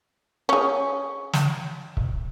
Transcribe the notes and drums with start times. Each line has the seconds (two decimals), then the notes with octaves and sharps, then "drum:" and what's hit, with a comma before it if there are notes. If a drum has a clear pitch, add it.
0.49 C#4 G#4
1.33 drum: snare
1.97 drum: kick C#1